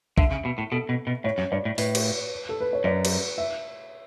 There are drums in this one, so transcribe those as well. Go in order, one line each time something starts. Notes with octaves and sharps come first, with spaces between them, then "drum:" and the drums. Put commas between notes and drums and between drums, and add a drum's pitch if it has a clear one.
D3 E5, drum: kick
C#3
B2
A2
B2 A4
B2
B2
A2 C#5
F#2
G2 D5
A2
A2 B4, drum: open hi-hat
drum: cymbal
A4
B4
C#5
F#2 D5
drum: cymbal
E5